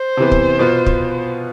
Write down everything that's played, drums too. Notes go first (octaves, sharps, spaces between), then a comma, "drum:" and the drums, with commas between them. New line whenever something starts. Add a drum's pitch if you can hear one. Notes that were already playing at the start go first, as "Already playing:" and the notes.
Already playing: C5
C3 E3 B3
drum: kick
B2 B3 F4
drum: kick